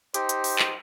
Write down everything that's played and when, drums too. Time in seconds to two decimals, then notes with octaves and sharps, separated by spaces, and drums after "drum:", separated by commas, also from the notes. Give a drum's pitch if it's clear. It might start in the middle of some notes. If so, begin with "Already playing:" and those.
0.14 D#4 G4 C5, drum: hi-hat
0.29 drum: hi-hat
0.44 drum: open hi-hat
0.59 drum: clap